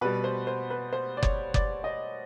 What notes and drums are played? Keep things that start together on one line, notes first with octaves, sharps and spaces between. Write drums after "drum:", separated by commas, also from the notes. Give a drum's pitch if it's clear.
B2 G3 B4
C5
C5
B4
C5
D5
C#5, drum: kick F#1
D5, drum: kick F#1
D#5